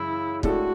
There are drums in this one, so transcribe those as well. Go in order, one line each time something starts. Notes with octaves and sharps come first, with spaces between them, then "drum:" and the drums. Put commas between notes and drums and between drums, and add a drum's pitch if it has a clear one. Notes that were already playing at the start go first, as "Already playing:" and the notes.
Already playing: F#2 C#3 E3 E4
A2 G#3 D4 F#4 A4, drum: kick